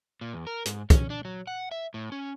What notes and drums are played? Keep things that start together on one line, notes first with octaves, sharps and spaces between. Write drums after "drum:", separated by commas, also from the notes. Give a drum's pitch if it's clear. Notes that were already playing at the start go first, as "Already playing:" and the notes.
A#2
E2
A#4
G#2, drum: hi-hat
C#4, drum: kick, hi-hat
D4
F#3
F#5
E5
A2
C#4